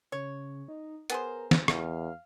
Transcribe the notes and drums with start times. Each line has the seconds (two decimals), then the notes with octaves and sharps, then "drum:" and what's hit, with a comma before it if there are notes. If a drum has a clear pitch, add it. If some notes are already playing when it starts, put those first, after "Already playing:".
0.12 C#3 C#5
0.68 D#4
1.10 B3 G#4 A#4 C5, drum: hi-hat
1.51 drum: snare
1.68 E2 F5, drum: rim click